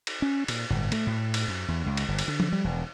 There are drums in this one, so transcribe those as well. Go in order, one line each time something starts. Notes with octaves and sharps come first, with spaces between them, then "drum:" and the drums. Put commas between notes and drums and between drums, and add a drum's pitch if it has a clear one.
drum: cymbal
C#4
A#2, drum: cymbal
G1, drum: tom A2
A3, drum: cymbal
A2
drum: cymbal
F#2
E2
C#2
drum: cymbal
G1
drum: cymbal
D3
drum: tom F3
G3
E1